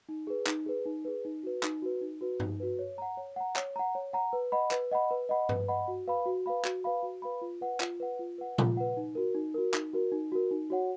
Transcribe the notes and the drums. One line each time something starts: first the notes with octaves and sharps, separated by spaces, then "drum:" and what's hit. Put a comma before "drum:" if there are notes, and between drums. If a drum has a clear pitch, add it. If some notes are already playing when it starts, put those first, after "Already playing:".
D#4
G#4 B4
D#4, drum: clap
G#4 B4
D#4
G#4 B4
D#4
F#4 B4
D#4, drum: clap
F#4 B4
D#4
F#4 B4
D#4, drum: tom G2
F#4 B4
C#5
F#5 A#5
C#5
F#5 A#5
C#5, drum: clap
F#5 A#5
C#5
F#5 A#5
B4
D#5 F#5 B5
B4, drum: clap
D#5 F#5 B5
B4
D#5 F#5 B5
B4, drum: tom G2
D#5 F#5 B5
F#4
B4 F5 B5
F#4
B4 F5 B5
F#4, drum: clap
B4 F5 B5
F#4
B4 F5 B5
F4
B4 F#5
F4, drum: clap
B4 F#5
F4
B4 F#5
F4, drum: tom A#2
B4 F#5
D#4
F#4 A#4
D#4
F#4 A#4
D#4, drum: clap
F#4 A#4
D#4
F#4 A#4
D#4
F#4 C#5 F#5